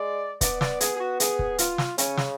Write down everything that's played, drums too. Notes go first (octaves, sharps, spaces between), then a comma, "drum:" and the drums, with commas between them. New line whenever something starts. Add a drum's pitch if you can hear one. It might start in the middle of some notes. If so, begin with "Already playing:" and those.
Already playing: G#3 D5
B3 D5, drum: kick, hi-hat
D5, drum: snare
G#4, drum: hi-hat
G#4
F#4
G#4, drum: hi-hat
drum: kick
F4, drum: hi-hat
drum: snare
C#3 C#4, drum: hi-hat
drum: snare